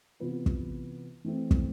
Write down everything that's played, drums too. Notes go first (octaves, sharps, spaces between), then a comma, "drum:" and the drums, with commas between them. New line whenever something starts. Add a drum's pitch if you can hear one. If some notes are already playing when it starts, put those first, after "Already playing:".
C3 E3 B3 F4 B4
drum: kick
E3 A3 C4
drum: kick